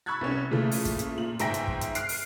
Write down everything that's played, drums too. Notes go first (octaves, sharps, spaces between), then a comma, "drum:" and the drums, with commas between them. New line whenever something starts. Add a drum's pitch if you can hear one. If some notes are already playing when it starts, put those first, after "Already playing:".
B5 C#6 E6 F#6 G#6 A6
C2 B3 C#4
A#2 C#3 E3 A3
drum: open hi-hat
drum: kick, hi-hat
drum: hi-hat
A#2 F#7
G1 G#2 E5 G5 G#5 A#6, drum: hi-hat
drum: hi-hat
drum: kick
drum: hi-hat
F6 F#6 C7 D7, drum: hi-hat
drum: open hi-hat